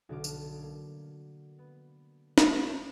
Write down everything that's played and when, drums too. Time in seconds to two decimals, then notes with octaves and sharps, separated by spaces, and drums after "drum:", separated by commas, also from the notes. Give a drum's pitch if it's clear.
0.09 B1 D3 F#4 D6 F6
0.24 A5, drum: tambourine
0.62 A#3
1.59 B3
2.38 drum: snare